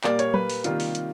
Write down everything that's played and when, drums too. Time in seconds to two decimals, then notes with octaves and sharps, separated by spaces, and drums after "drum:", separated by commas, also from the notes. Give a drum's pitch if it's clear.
0.04 A#2 G3 A#3 D5, drum: clap
0.19 C#5, drum: hi-hat
0.34 B4, drum: tom F#3
0.50 drum: open hi-hat
0.64 C3 D#3 G3 A#3 F4, drum: hi-hat
0.80 drum: open hi-hat
0.95 drum: hi-hat